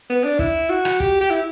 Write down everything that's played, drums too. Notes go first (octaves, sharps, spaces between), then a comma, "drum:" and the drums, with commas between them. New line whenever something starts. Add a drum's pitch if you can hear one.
B3
D4
E4, drum: kick
F#4
drum: rim click
G4, drum: kick
G4
E4